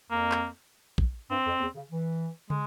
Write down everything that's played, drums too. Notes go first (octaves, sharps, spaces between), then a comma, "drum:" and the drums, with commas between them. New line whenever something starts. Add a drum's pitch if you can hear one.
F2 A#3
drum: clap
drum: kick
G2 C4
F2
E2
C#3
E3
G#3, drum: tom